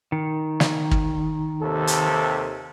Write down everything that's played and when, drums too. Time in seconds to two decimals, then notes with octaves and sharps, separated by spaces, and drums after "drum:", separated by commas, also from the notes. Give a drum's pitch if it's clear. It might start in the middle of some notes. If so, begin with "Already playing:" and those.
0.12 D#3
0.60 drum: snare
0.91 drum: kick
1.60 D#2 C3 A4
1.87 drum: hi-hat